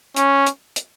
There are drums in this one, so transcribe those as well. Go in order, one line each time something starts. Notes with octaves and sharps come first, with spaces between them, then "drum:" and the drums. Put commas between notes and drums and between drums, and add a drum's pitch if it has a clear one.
C#4, drum: hi-hat
drum: hi-hat
drum: hi-hat